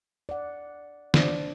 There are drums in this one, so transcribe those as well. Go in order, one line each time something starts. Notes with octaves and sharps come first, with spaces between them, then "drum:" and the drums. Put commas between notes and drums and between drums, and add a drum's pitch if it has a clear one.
D5 F#5
D4 C5 D5, drum: snare